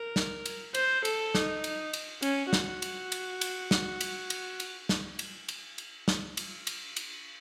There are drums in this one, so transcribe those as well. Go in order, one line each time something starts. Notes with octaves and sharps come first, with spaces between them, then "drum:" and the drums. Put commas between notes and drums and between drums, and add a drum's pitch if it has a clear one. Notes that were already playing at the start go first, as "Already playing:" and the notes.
Already playing: A#4
drum: snare
drum: cymbal
C5, drum: cymbal
A4, drum: cymbal
D#4, drum: snare
drum: cymbal
drum: cymbal
C#4, drum: cymbal
F#4, drum: snare
drum: cymbal
drum: cymbal
drum: cymbal
drum: snare
drum: cymbal
drum: cymbal
drum: cymbal
drum: snare
drum: cymbal
drum: cymbal
drum: cymbal
drum: snare
drum: cymbal
drum: cymbal
drum: cymbal